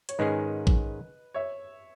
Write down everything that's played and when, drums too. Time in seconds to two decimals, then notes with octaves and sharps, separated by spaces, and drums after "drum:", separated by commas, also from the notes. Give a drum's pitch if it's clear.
0.09 C#5, drum: hi-hat
0.18 G#2 D#3 G#3 C#4 G#4 B4 D#5
0.67 drum: kick A1
1.34 C#5 E5